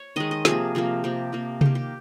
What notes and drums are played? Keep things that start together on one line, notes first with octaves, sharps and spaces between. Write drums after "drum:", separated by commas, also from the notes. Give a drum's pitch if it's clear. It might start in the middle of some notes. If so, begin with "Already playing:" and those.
Already playing: C#5
D#3 G#3 D#5
D#5
C3 F3 A#3 G#4, drum: snare
C3 F3 A#3
C3 F3 A#3 G4
C3 F3 A#3
D#3 A#3 G4, drum: tom C3
G4